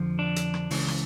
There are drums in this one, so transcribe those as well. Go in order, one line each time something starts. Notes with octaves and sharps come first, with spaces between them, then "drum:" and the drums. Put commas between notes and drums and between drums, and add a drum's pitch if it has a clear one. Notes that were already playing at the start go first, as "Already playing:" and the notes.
Already playing: F2 D3 F3
D4
drum: hi-hat
drum: rim click
C#2 C#3 E3, drum: open hi-hat
drum: rim click